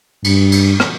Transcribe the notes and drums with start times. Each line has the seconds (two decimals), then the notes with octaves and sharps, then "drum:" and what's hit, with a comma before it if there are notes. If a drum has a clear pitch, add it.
0.24 G2, drum: cymbal
0.52 drum: cymbal
0.80 drum: rim click